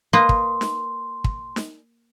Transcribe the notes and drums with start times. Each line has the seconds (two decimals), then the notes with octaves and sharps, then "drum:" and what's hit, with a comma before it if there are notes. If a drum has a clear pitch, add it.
0.13 A#3 B4 D#5 C6
0.29 drum: kick
0.61 drum: snare
1.24 drum: kick
1.56 drum: snare